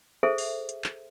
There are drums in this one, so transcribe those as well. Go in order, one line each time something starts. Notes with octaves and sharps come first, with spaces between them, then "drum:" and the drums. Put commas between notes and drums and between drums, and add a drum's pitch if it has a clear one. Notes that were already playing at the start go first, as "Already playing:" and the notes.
G#4 A4 C5 E5
drum: open hi-hat
drum: hi-hat
drum: clap